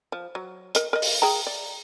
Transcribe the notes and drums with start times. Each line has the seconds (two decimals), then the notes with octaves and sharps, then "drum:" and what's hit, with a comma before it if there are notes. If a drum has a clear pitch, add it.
0.12 F3
0.35 F#3
0.75 A#4 D#5, drum: hi-hat
0.93 A#4 D#5
1.02 drum: open hi-hat
1.22 G#4 G5 A#5
1.47 D5